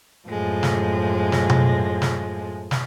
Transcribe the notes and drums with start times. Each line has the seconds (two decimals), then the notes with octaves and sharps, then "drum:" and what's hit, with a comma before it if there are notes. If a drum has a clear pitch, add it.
0.28 F#2 A2 F3 G#3
0.63 drum: snare
1.32 drum: snare
1.50 drum: tom B2
2.02 drum: snare
2.71 drum: snare